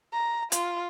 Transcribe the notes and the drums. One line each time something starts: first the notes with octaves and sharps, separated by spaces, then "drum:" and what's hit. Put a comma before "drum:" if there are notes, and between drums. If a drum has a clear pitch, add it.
A#5
F4, drum: hi-hat